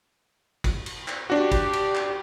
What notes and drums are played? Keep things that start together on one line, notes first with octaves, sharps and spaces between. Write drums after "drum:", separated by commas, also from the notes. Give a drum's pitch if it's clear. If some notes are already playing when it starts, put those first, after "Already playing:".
drum: kick, cymbal
drum: cymbal
drum: clap
D4 F#4 G4
drum: kick, cymbal
drum: cymbal
drum: clap